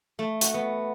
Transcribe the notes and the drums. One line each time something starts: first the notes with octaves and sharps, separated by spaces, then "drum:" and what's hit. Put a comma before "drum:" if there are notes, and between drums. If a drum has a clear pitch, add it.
A3
F#4, drum: hi-hat
B3